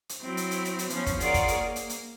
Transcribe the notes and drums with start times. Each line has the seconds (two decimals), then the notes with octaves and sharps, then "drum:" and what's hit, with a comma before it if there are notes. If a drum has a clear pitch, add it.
0.09 drum: hi-hat
0.20 F#3 C4 E4
0.37 drum: hi-hat
0.51 drum: hi-hat
0.65 drum: hi-hat
0.79 drum: hi-hat
0.90 F3 B3 C#4, drum: hi-hat
1.06 drum: kick, hi-hat
1.20 F4 G#4 A#4 C#5 D5 F#5, drum: hi-hat
1.34 drum: kick, hi-hat
1.48 drum: hi-hat
1.57 A#3
1.76 drum: hi-hat
1.90 drum: hi-hat